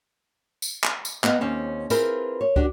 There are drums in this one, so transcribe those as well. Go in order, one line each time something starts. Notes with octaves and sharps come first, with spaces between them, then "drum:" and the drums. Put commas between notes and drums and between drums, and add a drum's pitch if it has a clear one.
drum: tambourine
drum: clap
drum: tambourine
B3 D#5 F5, drum: clap
D#2 C4 C#4 C#5
C4 E4 F4 G#4 A#4 B4, drum: tambourine
C#5
D4 F#4 G4, drum: kick